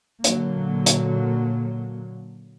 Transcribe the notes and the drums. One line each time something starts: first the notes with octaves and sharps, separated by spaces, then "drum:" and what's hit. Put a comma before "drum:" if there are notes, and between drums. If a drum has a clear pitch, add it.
A#2 D3 F#3 A#3, drum: hi-hat
drum: hi-hat